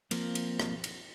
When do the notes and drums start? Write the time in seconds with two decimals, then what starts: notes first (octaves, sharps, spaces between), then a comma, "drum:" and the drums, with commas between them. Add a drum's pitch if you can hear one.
0.11 F3 A#3 C4, drum: cymbal
0.35 drum: cymbal
0.60 drum: rim click
0.84 drum: cymbal